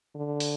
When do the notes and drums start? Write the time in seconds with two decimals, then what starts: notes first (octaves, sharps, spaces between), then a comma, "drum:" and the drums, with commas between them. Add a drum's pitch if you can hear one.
0.15 D3
0.40 drum: open hi-hat